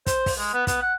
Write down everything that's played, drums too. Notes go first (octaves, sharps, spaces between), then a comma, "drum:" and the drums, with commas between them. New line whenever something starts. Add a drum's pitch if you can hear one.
C5, drum: kick, hi-hat
drum: kick, open hi-hat
G#3
B3
B3, drum: kick, hi-hat
F#5